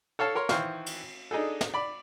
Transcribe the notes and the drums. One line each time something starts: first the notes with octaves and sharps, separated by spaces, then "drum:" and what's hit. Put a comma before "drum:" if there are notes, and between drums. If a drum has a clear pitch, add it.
A4 C#5 F5 A5
A#4 C#5 C6
D#3 E3 C5 F5 C#6, drum: snare
drum: cymbal
D4 D#4 G#4 A4
drum: snare
D5 B5